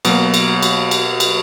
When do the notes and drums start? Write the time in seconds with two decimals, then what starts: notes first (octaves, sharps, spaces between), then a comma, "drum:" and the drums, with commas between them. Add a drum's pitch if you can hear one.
0.05 B2 F#3 A#3, drum: cymbal
0.34 drum: cymbal
0.62 drum: cymbal
0.91 drum: cymbal
1.20 drum: cymbal